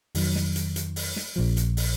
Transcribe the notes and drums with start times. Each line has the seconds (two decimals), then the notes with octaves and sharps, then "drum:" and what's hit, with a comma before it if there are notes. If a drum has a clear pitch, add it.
0.15 F2 D#3 F#3, drum: open hi-hat
0.35 drum: snare
0.56 drum: hi-hat
0.76 drum: hi-hat
0.96 drum: open hi-hat
1.16 drum: snare
1.36 A#1 A#2 F3
1.57 drum: hi-hat
1.77 drum: open hi-hat